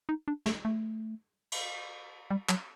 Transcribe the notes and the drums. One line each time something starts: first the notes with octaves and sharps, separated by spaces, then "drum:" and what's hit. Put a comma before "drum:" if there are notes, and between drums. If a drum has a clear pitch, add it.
D#4
D4
A3, drum: snare
A3
drum: cymbal
G3
F#3, drum: clap